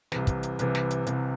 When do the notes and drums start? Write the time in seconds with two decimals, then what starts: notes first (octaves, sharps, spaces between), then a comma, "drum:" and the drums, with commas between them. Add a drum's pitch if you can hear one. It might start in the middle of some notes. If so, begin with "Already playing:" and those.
0.12 C2 C3 E3, drum: snare
0.27 drum: kick, hi-hat
0.43 drum: hi-hat
0.59 C2 C3 E3, drum: hi-hat
0.75 drum: snare
0.91 drum: hi-hat
1.07 C2 C3 E3, drum: hi-hat